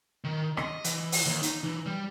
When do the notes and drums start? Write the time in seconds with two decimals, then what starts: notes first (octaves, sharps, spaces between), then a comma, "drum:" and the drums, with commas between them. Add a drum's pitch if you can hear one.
0.24 D#3
0.57 D#5, drum: rim click
0.84 E3, drum: hi-hat
1.12 drum: open hi-hat
1.26 D#2
1.43 D#4, drum: hi-hat
1.64 E3
1.86 G3